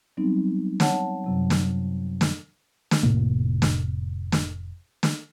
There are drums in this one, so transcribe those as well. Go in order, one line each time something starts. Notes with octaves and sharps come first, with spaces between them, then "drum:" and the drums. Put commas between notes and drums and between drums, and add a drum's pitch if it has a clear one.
F#3 G3 B3 C4 D#4
C#5 F#5 A5, drum: snare
A5
F#2 C3 F#3
drum: snare
drum: snare
drum: snare
F1 A2 C3 A#3
drum: snare
drum: snare
drum: snare